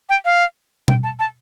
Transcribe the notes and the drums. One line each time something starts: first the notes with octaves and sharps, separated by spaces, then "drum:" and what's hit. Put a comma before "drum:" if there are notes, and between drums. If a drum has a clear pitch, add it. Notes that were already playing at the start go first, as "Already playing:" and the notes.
G5
F5
G5, drum: tom B2
A5
A5